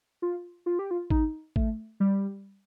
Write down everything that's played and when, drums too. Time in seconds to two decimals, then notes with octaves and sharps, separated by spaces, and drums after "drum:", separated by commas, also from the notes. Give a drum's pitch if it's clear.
0.22 F4
0.66 F4
0.79 G4
0.91 F4
1.10 D#4, drum: kick
1.56 A3, drum: kick
2.00 G3